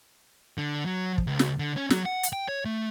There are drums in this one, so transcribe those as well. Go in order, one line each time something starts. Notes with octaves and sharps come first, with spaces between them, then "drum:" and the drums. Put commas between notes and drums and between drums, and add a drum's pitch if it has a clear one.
D3
F#3
drum: kick
C#2
drum: snare
D3
C#4
F#3, drum: snare
F#5
drum: hi-hat
G5
C#5
A3